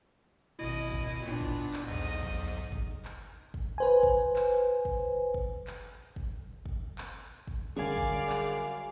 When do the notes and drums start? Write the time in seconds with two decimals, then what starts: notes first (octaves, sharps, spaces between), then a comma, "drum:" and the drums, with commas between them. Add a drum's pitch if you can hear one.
0.59 G#1 B2 E4 D#5
0.92 drum: kick
1.22 A#2 B3 D4
1.41 drum: kick
1.74 drum: clap
1.88 B1 E2 G#2 D#5
2.23 drum: kick
2.72 drum: kick
3.05 drum: clap
3.54 drum: kick
3.78 B4 C5 G#5
4.03 drum: kick
4.36 drum: clap
4.85 drum: kick
5.34 drum: kick
5.67 drum: clap
6.16 drum: kick
6.66 drum: kick
6.98 drum: clap
7.48 drum: kick
7.77 F#2 D3 G3 C#4 G#4 D5 F5 G#5
7.97 drum: kick
8.29 drum: clap